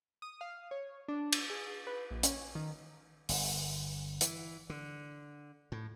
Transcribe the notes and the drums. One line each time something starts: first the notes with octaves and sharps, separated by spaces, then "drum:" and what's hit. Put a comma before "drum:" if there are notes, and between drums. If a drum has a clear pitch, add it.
D#6
F5
C#5
D4
drum: cymbal
G#4
B4
A#1
C#4, drum: hi-hat
D#3
G1, drum: open hi-hat
E3, drum: hi-hat
D3
A2